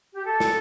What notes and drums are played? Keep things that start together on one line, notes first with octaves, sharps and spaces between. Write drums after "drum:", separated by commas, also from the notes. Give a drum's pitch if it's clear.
G4
A4
drum: snare